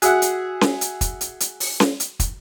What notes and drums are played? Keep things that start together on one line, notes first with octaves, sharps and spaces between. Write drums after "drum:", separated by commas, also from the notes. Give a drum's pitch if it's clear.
F#4 G#4 E5 F#5, drum: hi-hat
drum: hi-hat
drum: snare C#4
drum: hi-hat
drum: kick, hi-hat
drum: hi-hat
drum: hi-hat
drum: open hi-hat
drum: snare C#4
drum: hi-hat
drum: kick, hi-hat